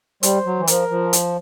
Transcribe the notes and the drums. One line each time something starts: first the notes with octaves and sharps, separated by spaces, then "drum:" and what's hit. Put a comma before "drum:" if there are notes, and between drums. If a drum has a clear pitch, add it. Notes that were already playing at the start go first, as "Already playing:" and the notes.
G3 C5, drum: hi-hat
F#3
E3
F3 A#4, drum: hi-hat
F3
drum: hi-hat